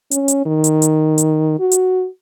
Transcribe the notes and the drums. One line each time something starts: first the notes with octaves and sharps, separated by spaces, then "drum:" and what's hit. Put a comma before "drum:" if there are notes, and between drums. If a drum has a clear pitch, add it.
C#4, drum: hi-hat
drum: hi-hat
D#3
drum: hi-hat
drum: hi-hat
drum: hi-hat
F#4
drum: hi-hat